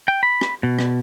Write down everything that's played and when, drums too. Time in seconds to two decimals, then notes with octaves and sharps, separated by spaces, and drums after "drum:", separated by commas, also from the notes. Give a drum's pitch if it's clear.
0.08 G5
0.23 B5
0.41 drum: rim click
0.63 B2
0.79 drum: rim click